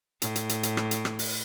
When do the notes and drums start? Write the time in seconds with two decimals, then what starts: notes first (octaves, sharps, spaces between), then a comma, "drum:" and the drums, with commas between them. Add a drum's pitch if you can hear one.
0.22 A2, drum: hi-hat
0.36 drum: hi-hat
0.49 drum: hi-hat
0.63 drum: hi-hat
0.77 drum: rim click
0.91 drum: hi-hat
1.05 drum: rim click
1.19 drum: open hi-hat